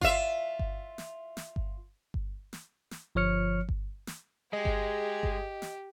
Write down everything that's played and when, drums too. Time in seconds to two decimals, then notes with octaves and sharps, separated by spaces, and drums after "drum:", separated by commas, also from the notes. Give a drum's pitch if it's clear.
0.01 F4 E5, drum: kick G1
0.59 drum: kick G1
0.98 drum: snare
1.37 drum: snare
1.56 drum: kick G1
2.14 drum: kick G1
2.53 drum: snare
2.91 drum: snare
3.15 G1 F3 C#5 F6 C#7
3.69 drum: kick G1
4.07 drum: snare
4.53 G#3 G4 G#4 D#5
4.65 drum: kick G1
5.23 drum: kick G1
5.62 drum: snare